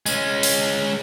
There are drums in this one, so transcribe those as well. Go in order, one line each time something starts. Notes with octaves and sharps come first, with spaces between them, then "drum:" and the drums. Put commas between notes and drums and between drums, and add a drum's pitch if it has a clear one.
G#3 C#4, drum: tambourine
drum: open hi-hat